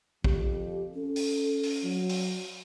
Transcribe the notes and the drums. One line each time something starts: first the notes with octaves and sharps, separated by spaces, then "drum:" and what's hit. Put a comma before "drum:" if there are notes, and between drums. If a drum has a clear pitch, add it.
F2 G4, drum: kick
C#4 A4
drum: open hi-hat
drum: open hi-hat
F#3
drum: open hi-hat